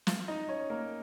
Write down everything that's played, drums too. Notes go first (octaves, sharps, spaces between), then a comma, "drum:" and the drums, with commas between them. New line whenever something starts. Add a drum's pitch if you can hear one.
F4 F5, drum: snare
D#4 D#5
C#4 C#5
A#3 A#4